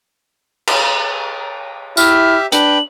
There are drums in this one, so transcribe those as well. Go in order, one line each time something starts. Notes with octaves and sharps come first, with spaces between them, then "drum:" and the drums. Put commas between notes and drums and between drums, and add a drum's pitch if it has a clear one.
drum: cymbal
E4 G4 E5 F6, drum: tambourine
D4 B4 G5 F#7, drum: hi-hat